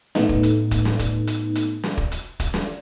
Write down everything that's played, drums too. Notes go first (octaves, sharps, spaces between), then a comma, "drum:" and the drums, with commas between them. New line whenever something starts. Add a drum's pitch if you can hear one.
A2 A3 B3 D#4, drum: snare
drum: kick
drum: hi-hat
drum: kick, hi-hat
drum: snare
drum: kick, hi-hat
drum: hi-hat
drum: hi-hat
drum: snare
drum: kick
drum: hi-hat
drum: kick, hi-hat
drum: snare